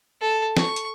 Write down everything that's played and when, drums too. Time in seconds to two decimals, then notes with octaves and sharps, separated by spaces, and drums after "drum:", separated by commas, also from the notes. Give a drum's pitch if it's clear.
0.22 A4
0.57 C#6, drum: snare
0.76 drum: hi-hat